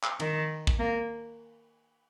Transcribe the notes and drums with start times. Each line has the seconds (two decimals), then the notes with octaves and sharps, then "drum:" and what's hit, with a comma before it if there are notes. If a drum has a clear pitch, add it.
0.03 drum: clap
0.20 D#3, drum: cymbal
0.67 drum: kick
0.79 A#3